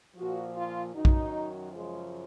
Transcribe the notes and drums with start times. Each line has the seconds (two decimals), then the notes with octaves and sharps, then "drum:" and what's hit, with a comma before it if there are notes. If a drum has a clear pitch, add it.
0.15 A#2 F3 F#4
0.54 F4
0.93 F#2 D#3 F#3 D#4
1.05 drum: kick A#1
1.72 F#2 C#3 F3 G#3